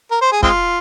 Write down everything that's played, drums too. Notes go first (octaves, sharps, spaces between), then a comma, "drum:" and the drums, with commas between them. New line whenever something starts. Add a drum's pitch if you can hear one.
A#4
C5
G#4
G#3 C4 F4, drum: kick